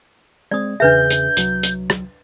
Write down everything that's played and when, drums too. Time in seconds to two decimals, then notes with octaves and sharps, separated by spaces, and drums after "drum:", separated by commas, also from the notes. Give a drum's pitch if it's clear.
0.51 G#3 C4 D5 D#6
0.80 E2 C#3 D4 G#4 B4 E5 G6
1.10 drum: hi-hat
1.37 C2 F#3, drum: hi-hat
1.63 drum: hi-hat
1.90 drum: rim click